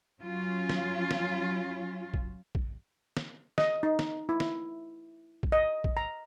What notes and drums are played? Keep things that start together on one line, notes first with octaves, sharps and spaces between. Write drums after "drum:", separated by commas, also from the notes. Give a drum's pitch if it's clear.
F#3 C#4 F4
drum: snare
drum: snare
drum: kick A#1
drum: kick A#1
drum: snare
D#5, drum: snare
D#4
drum: snare
E4
drum: snare
drum: kick A#1
D#5
drum: kick A#1
A#5